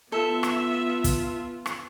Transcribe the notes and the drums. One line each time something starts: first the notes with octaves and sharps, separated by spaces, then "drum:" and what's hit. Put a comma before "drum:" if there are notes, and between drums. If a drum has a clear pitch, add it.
B3 F4 A4 E5
drum: rim click
drum: kick, hi-hat
drum: rim click